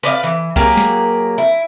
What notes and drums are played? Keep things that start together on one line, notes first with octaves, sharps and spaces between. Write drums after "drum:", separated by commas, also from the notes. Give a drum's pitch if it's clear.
B4 D5 D#5 F5
E3
F#3 A#3 G4 G#4, drum: kick C2
drum: snare
E4